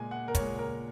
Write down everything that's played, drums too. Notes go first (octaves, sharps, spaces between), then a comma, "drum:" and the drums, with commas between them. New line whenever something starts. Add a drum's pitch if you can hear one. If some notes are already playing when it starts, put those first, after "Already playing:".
Already playing: A#2 G#3 G#5
F#5
A#4
A#2 G#3 C#5, drum: kick, hi-hat
A#4